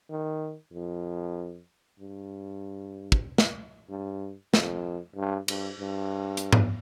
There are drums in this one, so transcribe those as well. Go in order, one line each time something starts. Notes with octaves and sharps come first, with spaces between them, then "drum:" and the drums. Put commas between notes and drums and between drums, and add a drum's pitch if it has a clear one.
D#3
F2
G2
drum: kick
drum: snare
G2
F2, drum: snare
G2
G2, drum: cymbal
G2
drum: hi-hat
drum: tom G#2